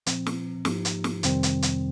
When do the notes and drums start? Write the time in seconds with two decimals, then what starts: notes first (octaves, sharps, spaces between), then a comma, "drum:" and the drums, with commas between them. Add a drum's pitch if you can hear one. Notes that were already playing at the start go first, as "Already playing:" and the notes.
0.06 A#2 F3 C4, drum: hi-hat
0.26 drum: snare
0.65 G#2 F3 A#3 D#4 G4, drum: snare
0.85 drum: hi-hat
1.04 drum: snare
1.23 F2 C3 D#3 G3 C4, drum: hi-hat
1.43 drum: hi-hat
1.62 drum: hi-hat